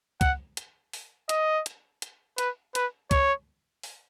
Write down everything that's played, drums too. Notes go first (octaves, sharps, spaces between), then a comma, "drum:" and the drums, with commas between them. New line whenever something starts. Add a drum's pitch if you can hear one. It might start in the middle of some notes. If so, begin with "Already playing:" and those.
F#5, drum: kick, hi-hat
drum: hi-hat
drum: open hi-hat
D#5, drum: hi-hat
drum: hi-hat
drum: hi-hat
B4, drum: hi-hat
B4, drum: hi-hat
C#5, drum: kick, hi-hat
drum: open hi-hat